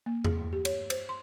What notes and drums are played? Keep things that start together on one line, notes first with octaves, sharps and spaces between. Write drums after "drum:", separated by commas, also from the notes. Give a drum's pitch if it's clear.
A#3
G#4, drum: tom E2
G4
C#5, drum: cymbal
C5, drum: cymbal
C6